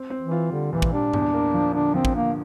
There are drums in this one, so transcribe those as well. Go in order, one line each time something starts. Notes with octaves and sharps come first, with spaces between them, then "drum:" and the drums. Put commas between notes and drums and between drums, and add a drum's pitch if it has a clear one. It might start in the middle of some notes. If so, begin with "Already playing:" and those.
Already playing: C4
C4
E3
F4
D3 G3
A#2 E3
drum: kick
G3 D4
E2, drum: tom G2
A#3
F3
D3 D4
F3 C4
drum: kick
D3 A#3